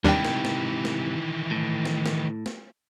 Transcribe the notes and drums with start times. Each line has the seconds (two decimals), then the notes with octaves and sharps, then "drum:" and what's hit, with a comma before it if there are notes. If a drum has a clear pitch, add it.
0.04 D#2 G#2 C3 D#3 E3 G3 D4 G5
0.25 drum: snare
0.45 drum: snare
0.85 drum: snare
1.51 A2
1.85 drum: snare
2.06 drum: snare
2.46 drum: snare